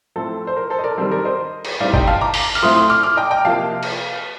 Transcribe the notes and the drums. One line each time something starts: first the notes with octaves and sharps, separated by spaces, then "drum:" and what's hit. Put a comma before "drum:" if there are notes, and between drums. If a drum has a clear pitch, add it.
A2 F3 C4 A4
C5
A#4
A4 C5
D#5
A#4 D5
D#3 G3 C4 A4 C5
A#4 D5
C5 D#5
drum: cymbal
A2 G3 C4 D#4 D5 F5
D#5 G5, drum: kick G1
F5 A5
A#5 D6
drum: open hi-hat
F6, drum: open hi-hat
A2 A3 C4 F4 C6 D#6
C6 D#6
D6 F6
D6 F6
D#5 G5
D#5 G5
C3 F3 A#3 F5 A5
drum: cymbal